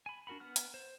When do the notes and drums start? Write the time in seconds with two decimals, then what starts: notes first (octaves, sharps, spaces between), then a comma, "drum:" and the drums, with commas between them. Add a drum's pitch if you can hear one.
0.06 G#5 B5
0.27 D4 F#4 A#4 F#5 B5
0.40 B3 F#5 F6
0.56 drum: hi-hat
0.74 C5